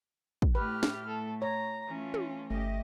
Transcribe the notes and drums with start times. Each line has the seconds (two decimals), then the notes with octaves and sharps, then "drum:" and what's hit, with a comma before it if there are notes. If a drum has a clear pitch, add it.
0.42 drum: kick
0.55 A2 A3 G4 B4 F6
0.83 drum: snare
1.07 A4
1.42 C#5 A#5
1.88 E3 A3 C#4 F4
2.14 drum: tom
2.50 G1 A3 G4 D#5